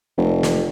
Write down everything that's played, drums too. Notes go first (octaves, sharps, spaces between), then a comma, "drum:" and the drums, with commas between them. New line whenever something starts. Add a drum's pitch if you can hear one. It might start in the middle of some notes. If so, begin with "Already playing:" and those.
F1
drum: snare